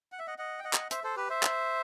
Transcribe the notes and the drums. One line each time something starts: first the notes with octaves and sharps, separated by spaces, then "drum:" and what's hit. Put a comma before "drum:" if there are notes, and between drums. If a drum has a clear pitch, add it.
F#5
E5
D#5 F#5
D#5 F#5
G5
D#5 F#5
drum: clap
C5 E5, drum: hi-hat
A4 C5
G4 B4
C5 E5
drum: clap